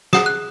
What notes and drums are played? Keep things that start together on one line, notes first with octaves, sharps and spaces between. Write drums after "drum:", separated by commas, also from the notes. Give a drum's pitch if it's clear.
G#4 F#5 D#6, drum: snare
F#6